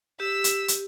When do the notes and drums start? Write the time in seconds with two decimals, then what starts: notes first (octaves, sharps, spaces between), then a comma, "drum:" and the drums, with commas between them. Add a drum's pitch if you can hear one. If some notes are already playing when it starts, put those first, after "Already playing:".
0.20 G4 E6 B6
0.44 drum: hi-hat
0.68 drum: hi-hat